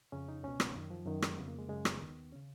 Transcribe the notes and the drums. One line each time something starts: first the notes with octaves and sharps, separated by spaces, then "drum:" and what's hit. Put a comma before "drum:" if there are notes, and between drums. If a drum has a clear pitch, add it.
F2 C#3 C#4
D#4
C#2 B2 C#4
B3, drum: rim click
F#2 D#3
F3
F#2 D#3 F#3
G#3, drum: rim click
F2 C#3 B3
A#3
G#3
F#2 C#3 G#3
B3, drum: rim click
D#2 D#3
C#4
C#3